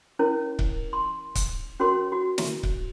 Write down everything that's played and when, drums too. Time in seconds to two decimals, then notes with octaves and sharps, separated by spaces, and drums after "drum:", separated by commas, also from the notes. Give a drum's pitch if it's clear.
0.19 C#4 E4 A#4 C#5
0.59 drum: kick C#1
0.93 C6
1.35 drum: kick C#1, hi-hat
1.80 C#4 F#4 A#4 C#5 C6
2.12 F#4
2.38 drum: snare
2.63 drum: kick C#1